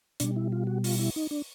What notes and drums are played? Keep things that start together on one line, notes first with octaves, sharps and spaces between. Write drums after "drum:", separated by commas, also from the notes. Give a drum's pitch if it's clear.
B2 G3 D4, drum: hi-hat
E4
F4
F#4
F4, drum: open hi-hat
E4
D#4
D4